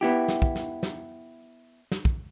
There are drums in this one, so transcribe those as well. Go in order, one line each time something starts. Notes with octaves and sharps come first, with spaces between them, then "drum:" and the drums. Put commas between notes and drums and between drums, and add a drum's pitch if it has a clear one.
B3 E4 G4
drum: snare
drum: kick
drum: snare
drum: snare
drum: snare
drum: kick